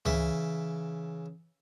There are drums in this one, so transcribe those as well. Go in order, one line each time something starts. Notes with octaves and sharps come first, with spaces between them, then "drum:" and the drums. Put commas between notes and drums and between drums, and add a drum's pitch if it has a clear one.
C#3 E3 E5, drum: tom C#2